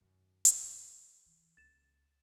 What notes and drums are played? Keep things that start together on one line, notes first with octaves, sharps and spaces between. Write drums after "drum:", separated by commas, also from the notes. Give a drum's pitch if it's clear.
F#2 D#3
drum: hi-hat
E3
C#2 A#3 A6 E7